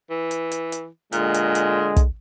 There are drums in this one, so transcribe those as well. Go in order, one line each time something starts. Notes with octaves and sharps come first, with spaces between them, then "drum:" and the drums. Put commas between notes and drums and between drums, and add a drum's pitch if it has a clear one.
E3
drum: hi-hat
drum: hi-hat
drum: hi-hat
A#2 D3 G#3, drum: hi-hat
drum: hi-hat
drum: hi-hat
drum: kick, hi-hat